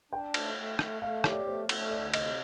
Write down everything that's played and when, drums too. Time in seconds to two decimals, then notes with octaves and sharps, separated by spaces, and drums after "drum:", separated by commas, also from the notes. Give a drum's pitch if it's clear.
0.12 D4 G5
0.34 A3, drum: cymbal
0.57 A3
0.79 A3, drum: rim click
1.02 A3 F5
1.24 G4 C#5, drum: rim click
1.32 D5
1.38 C#5
1.46 A3 C5
1.69 A3, drum: cymbal
1.91 D2 D5
2.14 C3 D#5, drum: cymbal